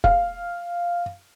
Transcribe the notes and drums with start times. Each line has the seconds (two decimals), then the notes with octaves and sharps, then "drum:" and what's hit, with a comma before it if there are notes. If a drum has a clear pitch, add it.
0.04 F5, drum: kick F1